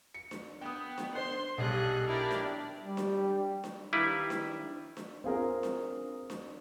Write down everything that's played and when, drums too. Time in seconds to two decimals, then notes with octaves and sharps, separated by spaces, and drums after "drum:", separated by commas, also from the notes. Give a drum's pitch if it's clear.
0.14 C#7
0.31 drum: snare D4
0.61 B3 G5 D#6
0.98 drum: snare D4
1.15 C5 C6
1.58 B1 G3 G#4 A4 D#5 F#6
2.08 D4 E4 G4 A#4 D5
2.31 drum: snare D4
2.82 G3
2.97 drum: snare D4
3.64 drum: snare D4
3.93 D#3 G3 E4 B4 F5
4.30 drum: snare D4
4.97 drum: snare D4
5.24 C4 F4 G#4 A#4
5.63 drum: snare D4
6.30 drum: snare D4